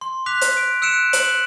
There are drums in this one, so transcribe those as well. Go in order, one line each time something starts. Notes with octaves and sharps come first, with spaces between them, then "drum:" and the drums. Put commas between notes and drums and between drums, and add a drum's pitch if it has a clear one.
C6
D6 F#6 B6 F7
drum: hi-hat
D7
E6 F#6 C#7 D7 E7
F#6 F#7, drum: hi-hat